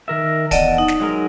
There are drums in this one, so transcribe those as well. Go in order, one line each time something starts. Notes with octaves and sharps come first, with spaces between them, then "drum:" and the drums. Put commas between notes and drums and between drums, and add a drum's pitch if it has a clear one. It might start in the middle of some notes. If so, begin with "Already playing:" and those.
D#3 A#4 E5
E2 D5 D#5 F#5 A5, drum: kick D1, hi-hat
D#4
drum: snare
F#3 G#3 A#4